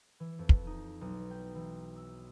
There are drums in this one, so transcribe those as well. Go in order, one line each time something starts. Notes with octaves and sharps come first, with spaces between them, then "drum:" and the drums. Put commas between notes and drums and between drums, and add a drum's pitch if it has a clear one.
E3
F2
drum: kick
D#4
B1
G5
E3
E6